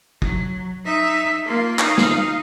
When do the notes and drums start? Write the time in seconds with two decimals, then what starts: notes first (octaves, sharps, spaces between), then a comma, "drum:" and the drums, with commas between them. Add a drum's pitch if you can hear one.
0.22 F#3, drum: kick
0.85 D#4 E5
1.45 A#3 F4
1.79 D#4 F5, drum: clap
1.98 drum: snare